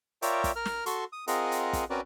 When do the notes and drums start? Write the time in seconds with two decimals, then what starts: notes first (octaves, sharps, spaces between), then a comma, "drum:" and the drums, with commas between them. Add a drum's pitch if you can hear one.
0.22 F4 A#4 C#5 D5 E5 G5, drum: hi-hat
0.44 drum: kick, hi-hat
0.56 A#4 F6
0.65 drum: snare
0.86 F#4 A4 C6 C#6, drum: hi-hat
1.13 D#6
1.28 C4 F4 G#4 A#4 D#5 F#5, drum: hi-hat
1.52 drum: hi-hat
1.73 drum: kick, hi-hat
1.90 C4 C#4 F#4 A#4 B4 D5